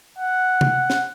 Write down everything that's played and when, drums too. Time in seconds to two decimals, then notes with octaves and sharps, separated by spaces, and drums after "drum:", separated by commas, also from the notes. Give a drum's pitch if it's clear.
0.19 F#5
0.61 drum: tom C3
0.90 drum: snare